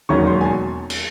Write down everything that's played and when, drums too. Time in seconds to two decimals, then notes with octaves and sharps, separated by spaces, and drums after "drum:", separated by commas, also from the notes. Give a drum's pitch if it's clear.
0.09 E1 D#2 D#3 F#3 C#4 C#6
0.27 C6
0.41 G#5
0.45 A5
0.90 drum: cymbal